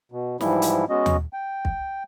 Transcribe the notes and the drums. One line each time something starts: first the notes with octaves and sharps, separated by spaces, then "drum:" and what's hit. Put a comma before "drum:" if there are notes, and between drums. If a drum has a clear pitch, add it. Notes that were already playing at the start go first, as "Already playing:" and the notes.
B2
G#2 E3 F3 G3 E4, drum: snare
drum: hi-hat
G#3 B3 C#4 F#4 D#5
drum: tom D#2
G5
drum: kick